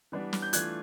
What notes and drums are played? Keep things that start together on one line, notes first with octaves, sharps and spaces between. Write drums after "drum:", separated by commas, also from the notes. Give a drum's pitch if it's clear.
E3 G3 B3 D4
drum: snare
G6
E3 A3 D4 F4 F#6 G#6, drum: hi-hat